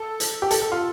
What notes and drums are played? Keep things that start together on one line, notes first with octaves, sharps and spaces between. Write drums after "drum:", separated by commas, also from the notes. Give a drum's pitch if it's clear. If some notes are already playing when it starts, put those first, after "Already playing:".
Already playing: A4
drum: hi-hat
G4
A4, drum: hi-hat
A4
F4